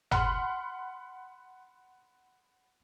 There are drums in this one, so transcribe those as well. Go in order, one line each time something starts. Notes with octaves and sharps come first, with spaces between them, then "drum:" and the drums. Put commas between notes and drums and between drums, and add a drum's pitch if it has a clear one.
F#5 B5 C6 F6, drum: tom